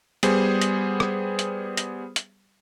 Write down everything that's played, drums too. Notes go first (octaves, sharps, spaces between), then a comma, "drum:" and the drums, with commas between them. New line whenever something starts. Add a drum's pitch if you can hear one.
G3 B3 G#4 C5, drum: hi-hat
drum: hi-hat
drum: rim click
drum: hi-hat
drum: hi-hat
drum: hi-hat